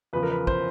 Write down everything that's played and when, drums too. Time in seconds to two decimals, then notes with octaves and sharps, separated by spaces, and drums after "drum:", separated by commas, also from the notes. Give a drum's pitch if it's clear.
0.13 E2 C#3 F3 B4
0.23 A#4
0.32 B4
0.47 C5, drum: kick